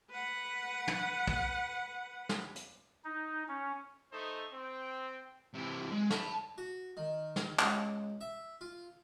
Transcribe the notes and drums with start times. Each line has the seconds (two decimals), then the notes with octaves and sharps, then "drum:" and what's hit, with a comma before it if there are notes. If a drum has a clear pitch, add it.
0.10 B4 F#5
0.88 drum: tom
1.27 drum: kick
2.29 drum: snare
2.55 drum: hi-hat
3.04 D#4
3.48 C#4
4.12 A3 D#4 A4 C5 C#6 D#6
4.53 C4 G5
5.54 C3 E3
5.91 G#3
6.10 A5 B5, drum: snare
6.58 F#4
6.97 D#3
7.36 drum: snare
7.59 C#2, drum: clap
8.21 E5
8.61 F4